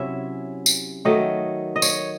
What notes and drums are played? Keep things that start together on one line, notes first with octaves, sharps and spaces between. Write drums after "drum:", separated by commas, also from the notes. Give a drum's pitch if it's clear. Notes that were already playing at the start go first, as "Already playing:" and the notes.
Already playing: C3 F#3 C#4 E4 E5
drum: tambourine
D#3 F#3 A3 D#5
D#5
C#5, drum: tambourine